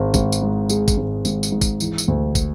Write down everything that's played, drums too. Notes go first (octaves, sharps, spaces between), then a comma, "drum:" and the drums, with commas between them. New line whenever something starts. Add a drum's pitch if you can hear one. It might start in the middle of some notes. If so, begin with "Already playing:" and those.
Already playing: G#1 G#3
G#1, drum: kick, tambourine
drum: tambourine
G#2
G#3, drum: tambourine
drum: kick, tambourine
G#1
G#1, drum: tambourine
drum: tambourine
G#2
drum: kick, tambourine
E3, drum: tambourine
drum: tambourine
D2
drum: kick, tambourine